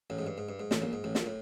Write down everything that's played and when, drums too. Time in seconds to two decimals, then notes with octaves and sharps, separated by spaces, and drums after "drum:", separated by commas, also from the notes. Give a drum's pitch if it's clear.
0.10 A1 A2
0.19 G#2
0.27 G2
0.38 G#2
0.49 G2
0.60 G#2
0.71 A1 A2, drum: snare
0.82 A#1 A#2
0.93 G#2
1.04 A1 A2
1.15 A#1 A#2, drum: snare
1.26 A2